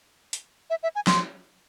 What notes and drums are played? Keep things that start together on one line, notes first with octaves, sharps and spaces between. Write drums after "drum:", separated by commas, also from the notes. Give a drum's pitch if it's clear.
drum: hi-hat
E5
E5
G#5
C6, drum: snare